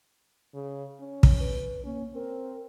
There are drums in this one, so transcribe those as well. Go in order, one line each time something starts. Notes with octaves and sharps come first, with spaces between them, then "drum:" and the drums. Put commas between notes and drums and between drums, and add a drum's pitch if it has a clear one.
C#3
C#4
drum: kick
B4
A#3 C#4
C4 A#4